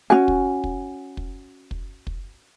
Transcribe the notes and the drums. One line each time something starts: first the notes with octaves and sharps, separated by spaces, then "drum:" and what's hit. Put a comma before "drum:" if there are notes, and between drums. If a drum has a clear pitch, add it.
C#4 D4 F#4 G#5
drum: kick
drum: kick
drum: kick
drum: kick
drum: kick